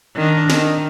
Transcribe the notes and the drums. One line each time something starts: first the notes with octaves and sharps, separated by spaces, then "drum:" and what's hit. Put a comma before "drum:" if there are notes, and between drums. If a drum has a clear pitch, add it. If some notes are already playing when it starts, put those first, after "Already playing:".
D#3 D4
D#3, drum: snare